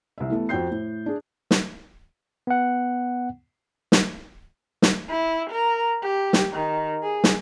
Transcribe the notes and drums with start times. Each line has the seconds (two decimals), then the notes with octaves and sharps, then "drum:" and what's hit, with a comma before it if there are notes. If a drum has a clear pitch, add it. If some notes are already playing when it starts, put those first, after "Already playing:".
0.18 C2 E5
0.30 E3 A3 B3
0.49 F2 F#4 G5 G6 C7
0.71 A2
1.06 D4 G#4
1.51 drum: snare
2.47 B3 F#5
3.92 drum: snare
4.82 drum: snare
5.10 E4
5.51 A#4
6.03 G4
6.33 drum: snare
6.54 D#3
7.03 G#4
7.24 drum: snare